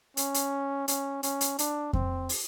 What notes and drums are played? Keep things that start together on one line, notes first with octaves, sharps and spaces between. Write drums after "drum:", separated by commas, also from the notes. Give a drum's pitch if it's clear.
C#4, drum: hi-hat
drum: hi-hat
C#4, drum: hi-hat
C#4, drum: hi-hat
drum: hi-hat
D4, drum: hi-hat
C4, drum: kick F2
drum: open hi-hat